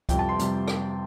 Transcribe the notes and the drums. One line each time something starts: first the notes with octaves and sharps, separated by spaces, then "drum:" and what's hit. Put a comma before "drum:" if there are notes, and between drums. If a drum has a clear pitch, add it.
F2 C3 G3 C4 G5, drum: kick C#2, hi-hat
A5
C6
C3 G3, drum: hi-hat
drum: rim click